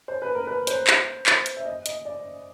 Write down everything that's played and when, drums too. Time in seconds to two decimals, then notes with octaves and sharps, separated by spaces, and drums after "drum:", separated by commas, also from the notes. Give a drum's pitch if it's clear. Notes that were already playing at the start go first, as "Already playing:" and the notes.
0.08 C5
0.22 B4
0.35 A#4
0.47 B4
0.67 C5, drum: hi-hat
0.87 drum: clap
1.26 drum: clap
1.46 drum: hi-hat
1.57 E5
1.65 D#5
1.86 D#5, drum: hi-hat
2.05 D5